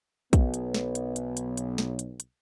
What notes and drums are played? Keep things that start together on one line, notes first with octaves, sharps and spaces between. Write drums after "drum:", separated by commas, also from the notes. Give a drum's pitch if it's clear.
B1 B3, drum: kick, hi-hat
drum: hi-hat
drum: snare
drum: hi-hat
drum: hi-hat
drum: hi-hat
drum: hi-hat
drum: snare
drum: hi-hat
drum: hi-hat